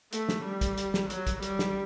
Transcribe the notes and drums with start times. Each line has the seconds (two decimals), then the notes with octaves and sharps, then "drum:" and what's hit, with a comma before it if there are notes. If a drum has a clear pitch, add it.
0.13 A3, drum: hi-hat
0.29 drum: snare
0.45 G3
0.61 drum: kick, hi-hat
0.78 drum: hi-hat
0.94 drum: snare
1.10 F#3, drum: hi-hat
1.27 drum: kick, hi-hat
1.43 G3, drum: hi-hat
1.59 drum: snare